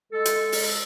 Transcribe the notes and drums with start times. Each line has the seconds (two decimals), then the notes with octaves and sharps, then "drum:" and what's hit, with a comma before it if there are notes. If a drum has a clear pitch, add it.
0.12 G#3 A4
0.25 drum: hi-hat
0.52 drum: open hi-hat